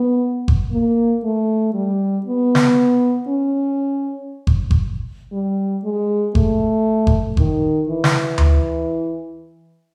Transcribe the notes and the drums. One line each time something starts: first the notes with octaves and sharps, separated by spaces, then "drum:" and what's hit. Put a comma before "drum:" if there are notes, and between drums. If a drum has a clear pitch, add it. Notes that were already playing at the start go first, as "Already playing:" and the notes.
Already playing: B3
drum: kick G1
A#3
A3
G3
B3
drum: snare
C#4
drum: kick G1
drum: kick G1
G3
G#3
A3, drum: kick G1
drum: kick G1
D#3, drum: kick G1
E3
drum: snare
drum: tom D2